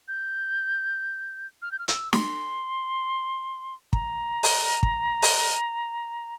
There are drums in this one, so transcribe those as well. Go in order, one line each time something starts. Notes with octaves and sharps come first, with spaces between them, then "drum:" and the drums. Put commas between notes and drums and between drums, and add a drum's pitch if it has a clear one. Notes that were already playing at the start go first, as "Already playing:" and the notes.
G6
F6
G6
F6
E6, drum: hi-hat
C6, drum: snare
A#5, drum: kick
drum: open hi-hat
drum: kick
drum: open hi-hat